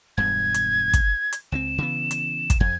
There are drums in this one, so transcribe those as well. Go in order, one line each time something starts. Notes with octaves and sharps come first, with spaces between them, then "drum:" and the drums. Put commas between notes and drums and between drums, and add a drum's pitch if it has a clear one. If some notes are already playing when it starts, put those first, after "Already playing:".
E1 G2 B2 G#6
drum: hi-hat
drum: kick, hi-hat
drum: hi-hat
C#2 F#3 C4 E7
C#3 E3 B3
drum: hi-hat
drum: kick, hi-hat
F2 G#6